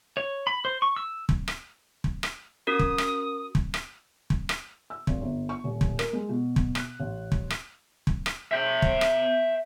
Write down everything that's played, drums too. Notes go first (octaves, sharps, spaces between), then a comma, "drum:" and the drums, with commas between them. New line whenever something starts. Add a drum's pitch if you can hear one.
C#5
B5
C5
C#6
E6
drum: kick
drum: rim click
drum: kick
drum: rim click
C#4 F#4 A#4 D#6
drum: kick
drum: rim click
drum: kick
drum: rim click
drum: kick
drum: rim click
E6
G#1, drum: kick
G1
C#6
D#1
drum: kick
A#4, drum: rim click
G#3
B2
drum: kick
F#6, drum: rim click
A1
drum: kick
drum: rim click
drum: kick
drum: rim click
E5 G5
drum: kick
drum: rim click